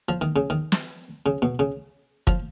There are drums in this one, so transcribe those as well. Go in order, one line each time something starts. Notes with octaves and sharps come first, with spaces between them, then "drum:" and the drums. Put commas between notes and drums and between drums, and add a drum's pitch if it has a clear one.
F3
D#3
C#3
D#3
drum: snare
C#3
B2
C#3
F3, drum: kick